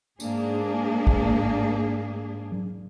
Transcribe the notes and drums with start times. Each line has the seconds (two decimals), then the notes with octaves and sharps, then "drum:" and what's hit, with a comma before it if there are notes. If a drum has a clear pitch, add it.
0.20 G#2 A#3 D4 G#4, drum: tambourine
1.07 drum: kick
2.52 drum: tom F#3